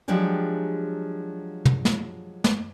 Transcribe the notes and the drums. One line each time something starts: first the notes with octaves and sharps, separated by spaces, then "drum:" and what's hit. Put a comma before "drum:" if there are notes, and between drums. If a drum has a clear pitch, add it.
F3 F#3 G#3 D4 G4 G#4
drum: tom
drum: snare
drum: snare